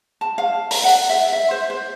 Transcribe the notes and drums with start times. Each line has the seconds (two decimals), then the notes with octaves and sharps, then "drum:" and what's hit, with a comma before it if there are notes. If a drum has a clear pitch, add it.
0.21 A5
0.38 F5
0.71 A#5, drum: open hi-hat
0.84 F#5
1.10 E5
1.32 E5
1.51 C5
1.70 C5